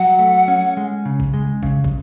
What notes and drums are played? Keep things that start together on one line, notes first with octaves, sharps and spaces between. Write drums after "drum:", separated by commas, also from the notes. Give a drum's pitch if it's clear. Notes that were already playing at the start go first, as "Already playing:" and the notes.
Already playing: F#3 F#5
A3
C#4
G#3
C#3
drum: kick
G#3
C#3, drum: kick
drum: kick